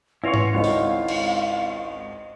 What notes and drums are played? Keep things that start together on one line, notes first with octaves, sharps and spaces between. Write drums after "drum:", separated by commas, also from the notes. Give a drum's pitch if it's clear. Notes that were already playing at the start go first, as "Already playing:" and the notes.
C#4 E4 F4 B4 C#5 F#5 A#6 F7
drum: tom G#2
G#1 C#2 F#4 C5 D#5 F5
drum: open hi-hat
drum: cymbal